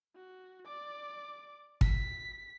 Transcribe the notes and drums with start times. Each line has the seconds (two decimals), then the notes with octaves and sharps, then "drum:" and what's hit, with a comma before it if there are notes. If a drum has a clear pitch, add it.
0.16 F#4
0.65 D5 D6
1.81 B6, drum: kick